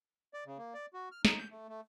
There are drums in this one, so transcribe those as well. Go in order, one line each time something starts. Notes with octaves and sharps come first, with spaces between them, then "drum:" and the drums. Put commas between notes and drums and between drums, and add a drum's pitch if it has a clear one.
D5
C#3
A#3
D5
F#4
F6
D#4, drum: snare
G6
A3
A3